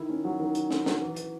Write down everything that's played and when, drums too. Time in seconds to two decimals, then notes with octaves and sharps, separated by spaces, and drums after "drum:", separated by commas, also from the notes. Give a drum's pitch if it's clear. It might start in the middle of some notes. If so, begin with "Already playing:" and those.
Already playing: D#3 E4
0.09 C#4
0.24 F#3
0.40 D#3
0.55 E4, drum: hi-hat
0.71 C#4, drum: snare
0.86 F#3, drum: snare
1.01 E3
1.16 E3, drum: hi-hat